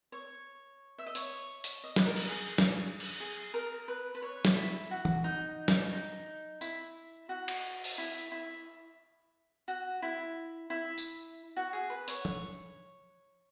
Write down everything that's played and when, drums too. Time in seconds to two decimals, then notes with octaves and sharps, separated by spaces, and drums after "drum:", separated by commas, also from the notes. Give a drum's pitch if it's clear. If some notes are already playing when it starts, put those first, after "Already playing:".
0.12 C#5
0.98 E5
1.06 D#5
1.15 C#5, drum: hi-hat
1.64 drum: hi-hat
1.84 D#5
1.96 B4, drum: snare
2.06 A#4
2.16 drum: cymbal
2.29 G#4
2.58 drum: snare
3.00 drum: cymbal
3.20 G#4
3.54 A#4
3.88 B4
4.15 B4
4.22 C#5
4.45 drum: snare
4.56 E4
4.91 F#4
5.05 drum: tom
5.24 D#4
5.68 drum: snare
5.93 D#4
6.61 E4, drum: tambourine
7.29 F#4
7.48 drum: cymbal
7.84 drum: open hi-hat
7.98 E4
8.32 E4
9.68 F#4
10.02 E4
10.70 E4
10.98 drum: tambourine
11.56 F#4
11.73 G#4
11.90 B4
12.08 C#5, drum: hi-hat
12.25 drum: tom F3